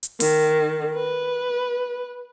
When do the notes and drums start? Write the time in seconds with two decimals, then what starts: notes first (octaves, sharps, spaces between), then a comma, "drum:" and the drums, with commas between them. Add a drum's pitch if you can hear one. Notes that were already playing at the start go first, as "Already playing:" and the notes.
0.03 drum: hi-hat
0.20 D#3, drum: open hi-hat
0.96 B4